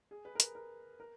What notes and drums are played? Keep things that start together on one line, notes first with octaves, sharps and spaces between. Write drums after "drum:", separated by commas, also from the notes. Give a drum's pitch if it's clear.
G#4
B4
A#4
B4, drum: hi-hat
A#4
A#4